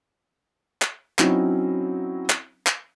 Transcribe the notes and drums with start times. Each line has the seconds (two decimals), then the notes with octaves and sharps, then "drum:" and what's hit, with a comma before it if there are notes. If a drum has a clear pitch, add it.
0.82 drum: clap
1.19 F#3 C4 C#4 D#4 E4, drum: clap
2.30 drum: clap
2.67 drum: clap